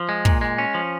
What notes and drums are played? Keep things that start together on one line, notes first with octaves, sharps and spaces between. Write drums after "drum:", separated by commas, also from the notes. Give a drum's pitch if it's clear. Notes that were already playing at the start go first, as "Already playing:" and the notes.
Already playing: F3
G#3
A#2, drum: kick
G#3
C#4
F3